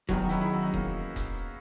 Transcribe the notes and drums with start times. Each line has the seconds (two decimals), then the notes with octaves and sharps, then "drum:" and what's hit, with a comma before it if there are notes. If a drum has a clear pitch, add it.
0.09 E2 D#3 F#3 B3 D#4, drum: kick D#1
0.19 D#4 F#4
0.29 C#4 E4, drum: hi-hat
0.41 E4 G#4
0.52 D#4 F#4
0.62 D#4 F#4
0.74 A#3 C#4, drum: kick D#1
1.16 drum: kick D#1, hi-hat